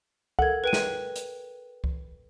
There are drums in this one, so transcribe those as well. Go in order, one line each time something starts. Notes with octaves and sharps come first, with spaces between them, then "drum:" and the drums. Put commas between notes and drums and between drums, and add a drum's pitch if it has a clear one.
A4 A#4 F#5 G#6, drum: kick C2
B4 G5 D#7
drum: snare
drum: hi-hat
drum: kick C2